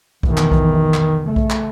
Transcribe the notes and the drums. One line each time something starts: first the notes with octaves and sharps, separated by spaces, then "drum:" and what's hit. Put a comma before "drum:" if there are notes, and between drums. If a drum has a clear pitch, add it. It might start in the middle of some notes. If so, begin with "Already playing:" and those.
F1 B1 D#3 E3, drum: kick B1
drum: clap
drum: kick B1
drum: clap
C#3 A3
drum: kick B1
drum: clap